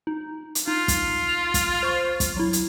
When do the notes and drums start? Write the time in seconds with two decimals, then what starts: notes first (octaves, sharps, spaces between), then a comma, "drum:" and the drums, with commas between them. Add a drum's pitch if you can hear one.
0.07 D#4
0.55 drum: hi-hat
0.67 D#4 F4
0.88 drum: kick, hi-hat
1.29 F7
1.54 drum: kick, hi-hat
1.83 C5 C#6
2.20 drum: kick, hi-hat
2.36 F#3 E4
2.53 drum: hi-hat